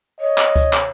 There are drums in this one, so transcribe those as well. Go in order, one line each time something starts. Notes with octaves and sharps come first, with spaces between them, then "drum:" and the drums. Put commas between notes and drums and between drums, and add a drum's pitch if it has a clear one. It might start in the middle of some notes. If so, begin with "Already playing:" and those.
C#5 D#5
drum: clap
drum: kick C#2
drum: clap